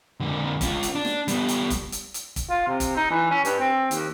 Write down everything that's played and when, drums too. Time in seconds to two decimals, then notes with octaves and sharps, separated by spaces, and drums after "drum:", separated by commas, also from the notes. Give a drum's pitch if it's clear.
0.20 F2 D3
0.61 C#4 F4, drum: kick, hi-hat
0.83 drum: hi-hat
0.95 D4
1.05 drum: snare
1.28 G3 B3, drum: hi-hat
1.48 drum: hi-hat
1.70 drum: kick, hi-hat
1.92 drum: hi-hat
2.14 drum: hi-hat
2.36 drum: kick, hi-hat
2.51 F4
2.68 C3
2.80 drum: kick, hi-hat
2.97 D#4
3.11 E3
3.31 C#4
3.45 G2, drum: hi-hat
3.60 C4
3.91 D#2, drum: hi-hat